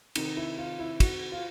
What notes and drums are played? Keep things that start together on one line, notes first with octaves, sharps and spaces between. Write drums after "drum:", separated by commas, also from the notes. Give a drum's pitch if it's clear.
C3 D#3 D#4, drum: cymbal
E4
F4
E4
F#4, drum: kick, cymbal
F4